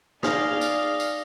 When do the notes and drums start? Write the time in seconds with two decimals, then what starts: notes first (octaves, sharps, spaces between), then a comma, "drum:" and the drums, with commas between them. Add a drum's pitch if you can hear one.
0.23 D#4 G#4 D5 F5 D#6 F6 A#6, drum: snare
0.61 drum: tambourine
1.00 drum: tambourine